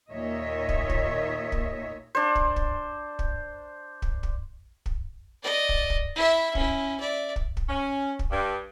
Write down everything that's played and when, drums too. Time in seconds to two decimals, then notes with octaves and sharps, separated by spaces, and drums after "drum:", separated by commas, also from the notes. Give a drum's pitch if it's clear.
0.12 D#2 A#2 C#5 D#5 E5
0.69 drum: kick
0.90 drum: kick
1.52 drum: kick
2.15 D4 C5
2.35 drum: kick
2.56 drum: kick
3.19 drum: kick
4.02 drum: kick
4.23 drum: kick
4.86 drum: kick
5.43 D5 D#5
5.69 drum: kick
5.90 drum: kick
6.15 E4 E5
6.55 C#4 E4, drum: kick
7.00 D5 E5
7.36 drum: kick
7.57 drum: kick
7.69 C#4
8.19 drum: kick
8.31 G2